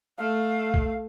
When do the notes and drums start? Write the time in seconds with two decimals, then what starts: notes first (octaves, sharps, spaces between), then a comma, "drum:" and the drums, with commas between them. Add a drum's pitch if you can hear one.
0.18 A3 F5
0.74 drum: kick B1